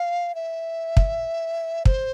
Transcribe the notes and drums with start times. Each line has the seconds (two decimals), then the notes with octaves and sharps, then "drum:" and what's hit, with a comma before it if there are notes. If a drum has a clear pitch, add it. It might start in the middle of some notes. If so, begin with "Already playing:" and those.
Already playing: F5
0.35 E5
0.97 drum: kick
1.85 C5, drum: kick